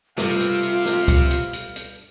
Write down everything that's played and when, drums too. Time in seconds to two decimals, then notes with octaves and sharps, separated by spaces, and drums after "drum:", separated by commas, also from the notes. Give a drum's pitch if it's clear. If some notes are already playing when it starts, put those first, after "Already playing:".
0.18 G2 C3 G3 A3 F4 F5, drum: snare
0.40 drum: hi-hat
0.63 drum: hi-hat
0.85 drum: snare
1.08 drum: kick C#2, hi-hat
1.31 drum: hi-hat
1.53 drum: hi-hat
1.76 drum: hi-hat